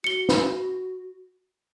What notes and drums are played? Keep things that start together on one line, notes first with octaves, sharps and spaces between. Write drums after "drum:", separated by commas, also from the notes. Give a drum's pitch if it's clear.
F#4 C#7 G7
drum: snare